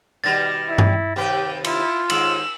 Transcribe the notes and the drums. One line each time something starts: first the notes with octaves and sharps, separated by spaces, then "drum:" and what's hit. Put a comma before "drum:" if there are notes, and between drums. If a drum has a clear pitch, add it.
B2 D#3 G3 A6 A#6
E4
drum: tom G2
D#2 C3 G4 B4 G5
E4 F4, drum: cymbal
D#2 G#2 G#3 E6 F#7, drum: cymbal